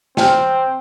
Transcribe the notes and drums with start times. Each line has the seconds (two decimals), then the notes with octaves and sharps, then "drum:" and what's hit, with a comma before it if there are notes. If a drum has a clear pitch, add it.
0.17 C4 G5 A5 F6, drum: snare